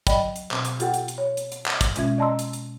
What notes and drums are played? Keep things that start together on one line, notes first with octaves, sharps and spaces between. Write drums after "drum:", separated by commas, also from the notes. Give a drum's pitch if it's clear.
F#3 D5 D#5 G5 B5, drum: kick, hi-hat
drum: hi-hat
B2 C4, drum: clap
drum: hi-hat
F4 G4 A4 F#5 G5, drum: hi-hat
drum: hi-hat
drum: hi-hat
C#5
drum: hi-hat
drum: hi-hat
drum: clap
drum: kick, hi-hat
B2 G#3 C#4 F4 E5 G#6, drum: hi-hat
D5 D#5 A5 A#5 C6 E6
drum: hi-hat
drum: hi-hat